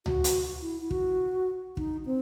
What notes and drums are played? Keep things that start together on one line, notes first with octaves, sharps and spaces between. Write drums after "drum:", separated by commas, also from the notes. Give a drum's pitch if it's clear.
F#4, drum: tom C#2
drum: hi-hat
E4
E4
F#4, drum: kick
D#4, drum: kick
C4